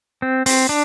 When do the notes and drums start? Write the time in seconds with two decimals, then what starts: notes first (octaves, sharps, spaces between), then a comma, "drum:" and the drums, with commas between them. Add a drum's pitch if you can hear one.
0.22 C4
0.46 C4, drum: open hi-hat
0.69 D4